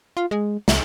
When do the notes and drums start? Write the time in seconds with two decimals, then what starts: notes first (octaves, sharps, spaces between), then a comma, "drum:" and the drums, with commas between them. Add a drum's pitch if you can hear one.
0.17 F4
0.31 G#3
0.68 C2, drum: snare